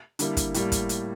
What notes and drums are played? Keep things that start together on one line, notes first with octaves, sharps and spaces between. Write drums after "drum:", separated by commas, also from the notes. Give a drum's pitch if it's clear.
D3 G3 A#3 E4, drum: hi-hat
drum: kick, hi-hat
A2 G3 A#3, drum: hi-hat
drum: kick, hi-hat
drum: hi-hat